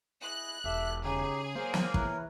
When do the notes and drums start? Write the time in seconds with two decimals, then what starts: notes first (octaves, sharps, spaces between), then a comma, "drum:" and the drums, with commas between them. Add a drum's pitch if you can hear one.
0.22 E4 G#4 D#5 F#6
0.64 E1 G4 A4 E5
1.04 C#3 D#4 G4 G#4 C#5
1.55 F#3 A#3 C5
1.74 drum: snare
1.94 E3 A#4 B4 C#5, drum: kick